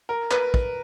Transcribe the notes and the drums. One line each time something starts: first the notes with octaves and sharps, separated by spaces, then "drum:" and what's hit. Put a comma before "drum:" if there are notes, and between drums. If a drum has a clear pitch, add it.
A#4
B4, drum: clap
drum: kick